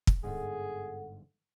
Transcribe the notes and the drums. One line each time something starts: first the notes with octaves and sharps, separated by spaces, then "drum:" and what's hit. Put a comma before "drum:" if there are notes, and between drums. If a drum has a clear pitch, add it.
drum: kick
G1 G#2 G#3 G#4 A4 F#5